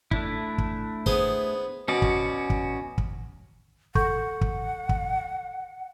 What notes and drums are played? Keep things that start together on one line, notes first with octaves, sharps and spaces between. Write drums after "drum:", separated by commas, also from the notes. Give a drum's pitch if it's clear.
A3 D4 E4, drum: kick
drum: kick
B3 G#4 C5, drum: kick
B2 C#4 F#4 D5
drum: kick
drum: kick
drum: kick
A4 F#5 C#6 G6, drum: kick
drum: kick
drum: kick